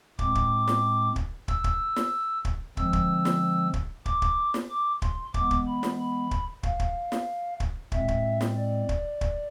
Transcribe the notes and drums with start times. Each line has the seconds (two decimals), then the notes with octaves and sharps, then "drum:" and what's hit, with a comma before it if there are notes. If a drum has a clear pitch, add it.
0.19 A2 G#3 C4 D6, drum: kick
0.35 drum: kick
0.68 drum: snare
1.16 drum: kick
1.48 E6, drum: kick
1.64 drum: kick
1.96 drum: snare
2.45 drum: kick
2.77 D3 F3 G#3 C4 E6, drum: kick
2.93 drum: kick
3.25 drum: snare
3.74 drum: kick
4.06 D6, drum: kick
4.22 drum: kick
4.54 drum: snare
4.70 D6
5.02 C6, drum: kick
5.34 E3 G#3 B3 D6, drum: kick
5.51 drum: kick
5.67 B5
5.83 drum: snare
5.99 B5
6.31 drum: kick
6.63 F5, drum: kick
6.80 drum: kick
7.12 drum: snare
7.60 drum: kick
7.92 A2 G#3 C4 E5, drum: kick
8.08 drum: kick
8.41 drum: snare
8.57 D5
8.89 drum: kick
9.21 drum: kick